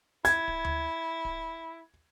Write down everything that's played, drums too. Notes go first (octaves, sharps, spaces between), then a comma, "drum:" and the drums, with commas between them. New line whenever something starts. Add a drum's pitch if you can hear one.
E4 G#6, drum: hi-hat
drum: kick D1
drum: tom D2
drum: kick D1